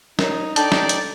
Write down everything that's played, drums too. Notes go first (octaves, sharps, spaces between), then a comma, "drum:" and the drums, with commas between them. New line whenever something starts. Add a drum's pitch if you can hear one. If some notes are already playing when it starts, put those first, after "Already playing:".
D#4 A#4 C#5 D5, drum: snare
D4 D#4 A4 D5 G5 A5, drum: hi-hat
drum: snare
drum: hi-hat